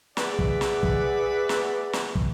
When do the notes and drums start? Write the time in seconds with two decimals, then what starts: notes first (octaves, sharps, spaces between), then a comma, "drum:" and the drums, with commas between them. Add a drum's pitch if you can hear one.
0.17 G#4 B4 D5 E5 F#5, drum: snare
0.39 drum: kick
0.61 drum: snare
0.83 drum: kick
1.49 drum: snare
1.93 drum: snare
2.15 drum: kick